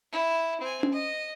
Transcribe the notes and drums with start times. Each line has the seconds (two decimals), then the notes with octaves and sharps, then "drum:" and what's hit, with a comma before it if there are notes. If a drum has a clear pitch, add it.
0.12 E4
0.61 C4 G#5
0.83 drum: tom C#4
0.93 D#5